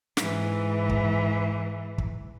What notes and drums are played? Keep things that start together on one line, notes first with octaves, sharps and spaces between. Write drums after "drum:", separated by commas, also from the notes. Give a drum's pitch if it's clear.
G#2 E3, drum: snare
drum: kick
drum: kick